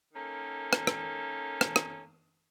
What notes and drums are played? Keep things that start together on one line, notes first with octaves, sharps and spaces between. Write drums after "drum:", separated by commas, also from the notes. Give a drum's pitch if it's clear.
D#3 A#3 C#4 A4
drum: rim click
drum: rim click
drum: rim click
drum: rim click